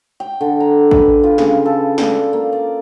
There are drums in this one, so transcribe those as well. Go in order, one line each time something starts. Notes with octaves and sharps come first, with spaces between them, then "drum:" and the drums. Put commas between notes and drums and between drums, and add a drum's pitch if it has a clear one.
G5
D3
A#5
B4, drum: kick A1
F4
C#3, drum: snare
A4
D5, drum: snare
A#3
D5